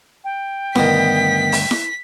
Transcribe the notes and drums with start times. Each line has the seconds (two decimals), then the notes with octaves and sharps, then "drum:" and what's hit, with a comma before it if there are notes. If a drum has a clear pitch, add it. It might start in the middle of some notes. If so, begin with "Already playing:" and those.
0.24 G5
0.75 D2 G2 D#3 B3 B6, drum: snare E4
1.52 drum: open hi-hat
1.71 drum: snare E4